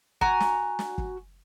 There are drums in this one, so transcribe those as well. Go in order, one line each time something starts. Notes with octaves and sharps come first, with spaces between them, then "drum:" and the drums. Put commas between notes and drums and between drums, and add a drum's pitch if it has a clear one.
F#4 G#5 A#5, drum: kick
drum: snare
drum: snare
drum: kick